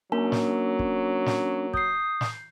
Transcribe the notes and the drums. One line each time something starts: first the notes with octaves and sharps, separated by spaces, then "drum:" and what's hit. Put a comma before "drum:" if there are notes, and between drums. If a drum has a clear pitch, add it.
F#3 A#3 C#4 D4 A#4
drum: snare
drum: kick
drum: snare
D#6 G6 C7, drum: kick
drum: snare